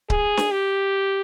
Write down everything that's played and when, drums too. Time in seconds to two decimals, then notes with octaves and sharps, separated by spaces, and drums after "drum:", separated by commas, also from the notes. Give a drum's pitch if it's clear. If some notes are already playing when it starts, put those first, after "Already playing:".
0.10 G#4, drum: kick C#1
0.37 drum: snare
0.51 G4